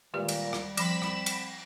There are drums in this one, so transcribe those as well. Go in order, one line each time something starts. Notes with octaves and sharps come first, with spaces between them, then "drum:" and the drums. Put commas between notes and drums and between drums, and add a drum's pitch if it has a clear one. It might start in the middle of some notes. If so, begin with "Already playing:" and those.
A#2 D#3 G3 G#3 G4
drum: cymbal
drum: rim click
F3 C4 B5 C6 E7, drum: cymbal
drum: rim click
drum: cymbal